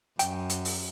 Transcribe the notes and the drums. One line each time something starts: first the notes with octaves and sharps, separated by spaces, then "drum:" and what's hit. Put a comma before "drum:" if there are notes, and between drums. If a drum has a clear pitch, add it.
F#2 G5, drum: hi-hat
drum: hi-hat
drum: open hi-hat